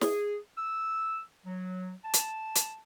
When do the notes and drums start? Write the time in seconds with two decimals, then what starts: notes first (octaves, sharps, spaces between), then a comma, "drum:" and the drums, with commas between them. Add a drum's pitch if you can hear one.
0.01 G#4, drum: snare
0.58 E6
1.46 F#3
2.05 A5
2.14 drum: hi-hat
2.56 drum: hi-hat